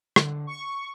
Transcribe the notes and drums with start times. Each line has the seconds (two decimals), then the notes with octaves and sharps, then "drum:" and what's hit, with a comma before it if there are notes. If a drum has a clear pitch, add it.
0.16 D3, drum: rim click
0.47 C#6